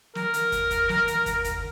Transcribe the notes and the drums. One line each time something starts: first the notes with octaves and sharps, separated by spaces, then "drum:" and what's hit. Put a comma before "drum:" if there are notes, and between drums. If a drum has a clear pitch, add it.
A#4, drum: snare
drum: hi-hat
drum: kick, hi-hat
drum: kick, hi-hat
drum: snare
drum: hi-hat
drum: kick, hi-hat
drum: kick, hi-hat